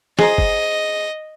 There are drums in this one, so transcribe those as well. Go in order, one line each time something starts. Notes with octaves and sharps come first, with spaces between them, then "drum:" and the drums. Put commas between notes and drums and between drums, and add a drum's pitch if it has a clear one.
G#4 C5 D#5 A#5, drum: snare
drum: kick